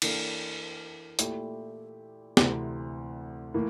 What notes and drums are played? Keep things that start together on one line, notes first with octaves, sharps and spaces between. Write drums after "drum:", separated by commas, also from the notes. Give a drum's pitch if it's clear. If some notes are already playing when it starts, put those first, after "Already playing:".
E3 A#3 D4 A4, drum: cymbal
A#2 A3 E4 G4, drum: hi-hat
D2 C3 E3, drum: snare
A2 E3 A#3